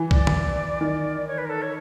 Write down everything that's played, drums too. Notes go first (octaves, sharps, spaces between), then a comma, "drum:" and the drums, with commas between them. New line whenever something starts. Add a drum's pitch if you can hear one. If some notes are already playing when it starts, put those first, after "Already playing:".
Already playing: E3
D5, drum: kick B1
drum: tom D3
D#3
C#5
B4
A#4
A4
C#5